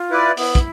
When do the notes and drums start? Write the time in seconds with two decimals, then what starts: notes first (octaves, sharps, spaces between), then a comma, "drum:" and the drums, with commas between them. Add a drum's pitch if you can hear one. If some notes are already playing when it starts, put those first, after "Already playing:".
Already playing: F4
0.10 E4 B4 D5
0.37 B3 E4, drum: open hi-hat
0.55 drum: kick, hi-hat